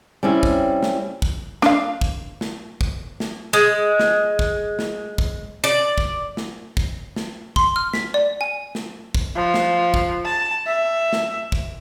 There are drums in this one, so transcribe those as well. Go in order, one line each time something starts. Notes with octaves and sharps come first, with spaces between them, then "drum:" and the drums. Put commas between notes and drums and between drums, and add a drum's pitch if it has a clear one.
G3 C4 C#4 E4
drum: kick
drum: snare
drum: kick
D4 F5, drum: snare
drum: kick
drum: snare
drum: kick
drum: snare
G#3
drum: snare
drum: kick
drum: snare
drum: kick
D5
drum: kick
drum: snare
drum: kick
drum: snare
C6, drum: kick
F6
B6, drum: snare
D5
G#5
drum: snare
drum: kick
F3
drum: snare
drum: kick
A5
E5
drum: snare
drum: kick